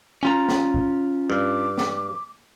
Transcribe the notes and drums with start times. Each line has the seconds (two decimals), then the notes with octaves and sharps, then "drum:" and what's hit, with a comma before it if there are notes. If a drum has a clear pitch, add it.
0.23 C#4 F4 A#5
0.49 drum: snare
0.74 drum: kick
1.30 G2 D6
1.78 drum: snare